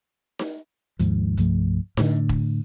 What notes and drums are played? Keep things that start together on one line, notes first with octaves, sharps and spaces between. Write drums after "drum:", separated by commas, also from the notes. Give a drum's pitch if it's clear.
drum: snare D#4
D#2 G#2 F3, drum: hi-hat
C2 G2 F3 A3, drum: hi-hat
A2 D3, drum: snare D#4
drum: kick E1